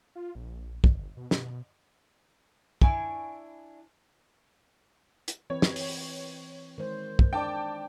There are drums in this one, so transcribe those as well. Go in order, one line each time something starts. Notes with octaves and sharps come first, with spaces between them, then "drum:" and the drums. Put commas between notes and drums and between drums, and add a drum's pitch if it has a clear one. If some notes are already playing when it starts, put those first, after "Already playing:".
F4
A#1
G1, drum: kick
B2
B2, drum: snare
D4 E4 G#5 C#6, drum: kick
drum: hi-hat
E3 C4 B4 C#5
drum: snare
drum: open hi-hat
D#3 G#3 C5
drum: kick
D4 D5 G5 A5 D6